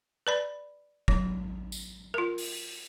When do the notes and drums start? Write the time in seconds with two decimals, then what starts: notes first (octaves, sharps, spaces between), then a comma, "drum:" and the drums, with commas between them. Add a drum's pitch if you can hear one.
0.27 B4 D5 B5
1.08 F#3, drum: kick
1.72 drum: tambourine
2.14 F4 A#4
2.38 drum: open hi-hat